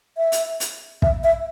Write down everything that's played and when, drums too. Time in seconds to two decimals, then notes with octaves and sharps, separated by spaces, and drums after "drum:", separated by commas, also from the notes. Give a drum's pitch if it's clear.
0.18 E5
0.32 drum: hi-hat
0.60 drum: hi-hat
1.02 E5, drum: kick
1.24 E5